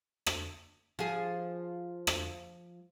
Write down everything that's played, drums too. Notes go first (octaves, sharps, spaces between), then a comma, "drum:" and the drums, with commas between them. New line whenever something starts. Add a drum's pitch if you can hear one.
drum: rim click
F3 G#4
drum: rim click